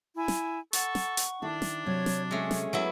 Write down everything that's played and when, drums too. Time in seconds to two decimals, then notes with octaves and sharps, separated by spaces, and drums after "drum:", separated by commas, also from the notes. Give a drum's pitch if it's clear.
0.16 E4 G#5
0.28 drum: snare
0.73 A4 F#5 C#6, drum: hi-hat
0.95 drum: snare
1.17 drum: hi-hat
1.42 D#3 D4 E4 A4
1.62 drum: snare
1.86 C3 F#3 C4 C#5 G#6
2.06 drum: snare
2.31 G#3 A3 C#4
2.51 drum: snare
2.73 F#3 B3 E4